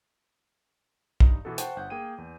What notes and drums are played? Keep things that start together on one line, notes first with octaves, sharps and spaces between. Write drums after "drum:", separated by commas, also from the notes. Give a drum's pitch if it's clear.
G2 D#4, drum: kick
B2 E3 B3 F#4 A4
C5 F#5 G5 A5 C#6, drum: hi-hat
G1 F#5 G6
A#3 G#4 G5 D#7
E2